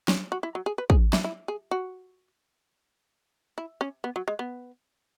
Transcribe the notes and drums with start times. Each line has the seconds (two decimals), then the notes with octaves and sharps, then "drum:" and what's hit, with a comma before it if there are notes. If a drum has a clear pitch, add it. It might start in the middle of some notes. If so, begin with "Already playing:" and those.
0.08 C#4, drum: snare
0.32 F#4
0.43 E4
0.55 F#3
0.66 G#4
0.78 B4
0.90 G#4, drum: kick
1.13 E4, drum: snare
1.24 E4
1.48 G#4
1.71 F#4
3.58 E4
3.81 C#4
4.04 B3
4.16 F#3
4.28 G#3
4.39 B3